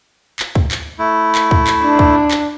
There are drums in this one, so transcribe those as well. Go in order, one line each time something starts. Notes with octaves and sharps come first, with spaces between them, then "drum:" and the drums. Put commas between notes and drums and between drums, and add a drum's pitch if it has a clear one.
drum: clap
drum: kick
drum: clap
A3 E4
drum: clap
drum: kick
drum: clap
D4
drum: kick
drum: clap